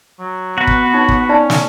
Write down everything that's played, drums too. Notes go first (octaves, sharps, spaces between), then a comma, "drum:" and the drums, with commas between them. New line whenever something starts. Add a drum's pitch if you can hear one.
F#3
B3 F#4 B4
drum: kick
D#4 C#5
drum: kick
C#4 D#4 D5 A5
drum: snare